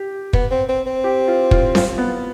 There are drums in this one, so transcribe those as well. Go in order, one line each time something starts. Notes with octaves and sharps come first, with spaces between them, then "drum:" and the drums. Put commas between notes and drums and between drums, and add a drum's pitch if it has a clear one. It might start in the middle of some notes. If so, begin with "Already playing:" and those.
Already playing: G4
B3, drum: kick
C4
C4
C4
G4
F4
F4, drum: kick
F4, drum: snare C4
B3